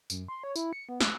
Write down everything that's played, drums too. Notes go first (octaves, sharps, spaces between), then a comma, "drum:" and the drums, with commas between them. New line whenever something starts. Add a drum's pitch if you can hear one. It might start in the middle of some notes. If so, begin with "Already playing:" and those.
F#2, drum: tambourine
C6
C#5
E4, drum: tambourine
C#7
B3
F#6, drum: snare